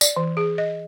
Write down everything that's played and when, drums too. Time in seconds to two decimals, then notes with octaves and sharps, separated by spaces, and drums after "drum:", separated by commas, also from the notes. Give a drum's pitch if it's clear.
0.01 D5, drum: tambourine
0.16 E3
0.37 G#4
0.58 D#5